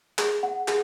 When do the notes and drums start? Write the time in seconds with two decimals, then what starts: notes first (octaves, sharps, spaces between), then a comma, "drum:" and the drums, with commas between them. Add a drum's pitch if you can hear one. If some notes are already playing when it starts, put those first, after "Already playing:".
0.18 G#4, drum: clap
0.43 F#5
0.68 G#4, drum: clap